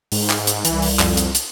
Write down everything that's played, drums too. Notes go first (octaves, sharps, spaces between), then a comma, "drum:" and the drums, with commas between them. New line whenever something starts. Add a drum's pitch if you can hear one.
G#2, drum: open hi-hat
drum: clap
drum: hi-hat
C2 E3, drum: hi-hat
drum: open hi-hat
F2, drum: clap
drum: hi-hat
drum: hi-hat